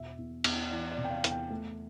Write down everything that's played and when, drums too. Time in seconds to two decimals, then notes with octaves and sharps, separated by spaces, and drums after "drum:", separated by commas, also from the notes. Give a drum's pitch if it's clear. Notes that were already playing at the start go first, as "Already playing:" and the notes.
Already playing: E2 B2 E5
0.18 E2
0.44 E2, drum: cymbal
0.71 E3 D5
0.91 D5
0.98 C3
1.05 G5
1.11 F5
1.24 E2, drum: hi-hat
1.31 G5
1.50 A3